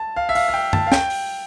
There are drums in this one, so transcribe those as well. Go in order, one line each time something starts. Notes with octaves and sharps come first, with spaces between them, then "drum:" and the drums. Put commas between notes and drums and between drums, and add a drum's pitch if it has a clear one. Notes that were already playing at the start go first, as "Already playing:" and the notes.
Already playing: A5
F5
E5
F5, drum: open hi-hat
F5
G5
A5, drum: tom F#2
F5
G5, drum: snare
drum: open hi-hat